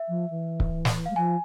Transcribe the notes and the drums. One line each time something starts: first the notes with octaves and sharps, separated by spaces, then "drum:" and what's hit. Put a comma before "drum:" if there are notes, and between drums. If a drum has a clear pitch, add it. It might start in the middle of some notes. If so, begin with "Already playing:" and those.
Already playing: E5
F3
E3
drum: kick C#1
drum: snare
G#3 F5
F3 G#5